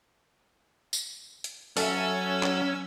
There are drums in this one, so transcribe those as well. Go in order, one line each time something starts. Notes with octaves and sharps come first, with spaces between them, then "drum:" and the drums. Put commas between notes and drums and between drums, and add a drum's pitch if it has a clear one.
drum: tambourine
drum: hi-hat
F#3 C#4 A4 E5 G#5 E6, drum: open hi-hat
drum: clap